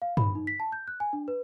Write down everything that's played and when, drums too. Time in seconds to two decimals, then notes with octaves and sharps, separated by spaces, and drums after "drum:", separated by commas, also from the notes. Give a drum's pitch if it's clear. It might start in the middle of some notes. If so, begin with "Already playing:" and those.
0.02 F5
0.17 B5, drum: tom G2
0.35 D#4
0.47 B6
0.60 A5
0.72 G6
0.88 F#6
1.00 G#5
1.13 D4
1.28 B4